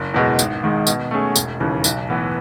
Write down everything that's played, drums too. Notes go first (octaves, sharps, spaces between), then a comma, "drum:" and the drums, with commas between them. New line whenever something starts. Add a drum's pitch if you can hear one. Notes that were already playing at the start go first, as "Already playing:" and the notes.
Already playing: F#1
E2 B2 G#3
G#1, drum: tambourine
G#2 D#3 G#3
B2, drum: tambourine
A3 C#4 G#4
E1, drum: tambourine
D#2 C#3 E3
B1, drum: tambourine
A2 E3 B3